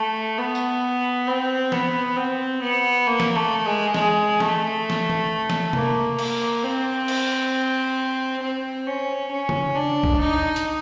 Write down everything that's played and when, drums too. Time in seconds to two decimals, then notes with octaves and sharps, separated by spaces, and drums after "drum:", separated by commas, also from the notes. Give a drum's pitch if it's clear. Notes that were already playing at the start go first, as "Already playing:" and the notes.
Already playing: A3
0.38 B3
0.55 drum: tambourine
1.27 C4
1.72 B3, drum: snare
2.16 C4
2.62 B3
3.06 A#3
3.20 drum: snare
3.35 A3
3.66 G#3
3.95 G#3, drum: snare
4.40 A3, drum: snare
4.90 drum: snare
5.10 drum: tom D#3
5.50 drum: snare
5.73 A#3, drum: tom C3
6.19 A#3, drum: cymbal
6.63 C4
7.08 drum: cymbal
8.42 C4
8.87 C#4
9.31 C#4
9.49 drum: tom C#3
9.75 D4
10.03 drum: kick B1
10.20 D#4
10.56 drum: hi-hat